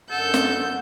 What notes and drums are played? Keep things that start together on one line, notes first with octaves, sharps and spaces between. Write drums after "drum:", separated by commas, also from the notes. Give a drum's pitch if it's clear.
F#2 D3 A4 F#5 G6
drum: snare